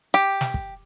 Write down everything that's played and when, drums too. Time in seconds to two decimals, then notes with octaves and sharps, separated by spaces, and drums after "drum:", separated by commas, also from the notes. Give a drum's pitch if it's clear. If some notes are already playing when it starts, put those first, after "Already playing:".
0.14 G4
0.41 drum: snare
0.54 drum: kick